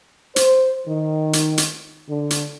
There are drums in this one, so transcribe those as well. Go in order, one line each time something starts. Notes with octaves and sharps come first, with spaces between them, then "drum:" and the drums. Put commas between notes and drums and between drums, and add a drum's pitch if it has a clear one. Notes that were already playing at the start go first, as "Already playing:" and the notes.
C5, drum: hi-hat
D#3
drum: hi-hat
drum: hi-hat
D3
drum: hi-hat